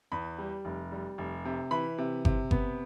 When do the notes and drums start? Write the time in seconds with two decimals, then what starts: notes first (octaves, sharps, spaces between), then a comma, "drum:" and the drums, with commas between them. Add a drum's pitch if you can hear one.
0.12 E2 B5
0.38 G3
0.65 F1
0.92 G3
1.18 F1
1.45 C3
1.71 E3 B5
1.98 C3
2.25 C3, drum: kick G1
2.51 B3, drum: kick G1